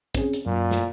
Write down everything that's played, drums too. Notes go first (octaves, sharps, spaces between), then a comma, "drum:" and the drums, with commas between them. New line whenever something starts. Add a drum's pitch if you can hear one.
C4 C#4 G#4, drum: kick, hi-hat
drum: hi-hat
F#2 A#2
drum: snare